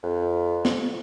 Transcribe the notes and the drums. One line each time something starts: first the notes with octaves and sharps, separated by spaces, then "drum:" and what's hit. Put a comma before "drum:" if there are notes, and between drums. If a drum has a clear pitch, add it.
F2
drum: snare